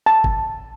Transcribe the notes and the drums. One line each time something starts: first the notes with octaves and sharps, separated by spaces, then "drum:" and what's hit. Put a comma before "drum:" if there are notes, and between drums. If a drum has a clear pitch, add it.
A5
drum: kick